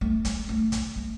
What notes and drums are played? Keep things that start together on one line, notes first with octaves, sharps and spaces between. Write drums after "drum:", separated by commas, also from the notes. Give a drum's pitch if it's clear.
A3
G#3, drum: hi-hat
A3
drum: kick, hi-hat
A3